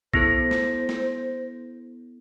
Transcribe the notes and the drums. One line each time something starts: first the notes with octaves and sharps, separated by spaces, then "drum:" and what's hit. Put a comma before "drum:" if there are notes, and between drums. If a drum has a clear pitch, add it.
B3 E4 A4 C5 A#6, drum: kick
drum: snare
drum: snare